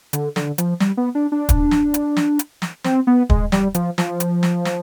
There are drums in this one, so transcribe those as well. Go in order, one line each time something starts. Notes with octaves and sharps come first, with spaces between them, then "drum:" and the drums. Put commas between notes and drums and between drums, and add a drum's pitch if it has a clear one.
D3, drum: hi-hat
D3, drum: snare
F3, drum: hi-hat
G3, drum: snare
B3
D4
D4
drum: kick, hi-hat
drum: snare
drum: hi-hat
drum: snare
drum: hi-hat
drum: snare
C4, drum: snare
B3
G#3, drum: kick
G3, drum: snare
F3, drum: hi-hat
F3, drum: snare
drum: hi-hat
drum: snare
drum: snare